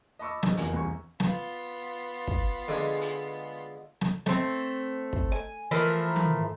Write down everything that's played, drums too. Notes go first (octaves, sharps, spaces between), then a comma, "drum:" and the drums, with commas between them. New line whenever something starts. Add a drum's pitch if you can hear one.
D#5 A5 B5 C#6 D6 E6
D1 C#3 D#4 D5, drum: snare
F1 E2 B2 A#3 G#5, drum: hi-hat
E1 C2 G#5 C#6
B3 F4, drum: snare
drum: kick
D3 G#3
drum: hi-hat
drum: snare
A3 C4, drum: snare
drum: kick
G#5
E3 F3 A3 A#4
drum: tom D#3